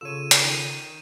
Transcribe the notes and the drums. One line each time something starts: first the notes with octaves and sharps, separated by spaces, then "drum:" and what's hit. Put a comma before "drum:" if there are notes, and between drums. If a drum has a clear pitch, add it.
C#3 F4 A4 C#5 E6 D#7 E7
drum: hi-hat
D#3